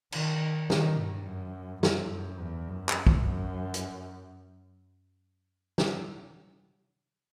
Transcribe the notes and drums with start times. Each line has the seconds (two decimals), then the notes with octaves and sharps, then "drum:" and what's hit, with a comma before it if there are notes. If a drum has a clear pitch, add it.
0.12 D#3, drum: cymbal
0.70 D#3, drum: snare
0.98 G2
1.26 F#2
1.83 F#2, drum: snare
2.11 F#2
2.40 E2
2.68 F#2
2.89 drum: clap
3.07 drum: kick
3.25 F#2
3.74 drum: hi-hat
5.78 drum: snare